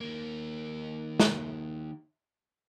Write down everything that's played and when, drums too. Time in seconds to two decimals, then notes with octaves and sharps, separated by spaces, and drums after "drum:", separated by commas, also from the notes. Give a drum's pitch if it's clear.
0.01 D#3 A#3
1.20 drum: snare